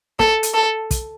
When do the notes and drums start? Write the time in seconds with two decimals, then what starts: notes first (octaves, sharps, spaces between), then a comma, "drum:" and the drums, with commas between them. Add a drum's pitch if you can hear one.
0.19 A4, drum: snare
0.43 drum: hi-hat
0.54 A4
0.91 drum: kick, hi-hat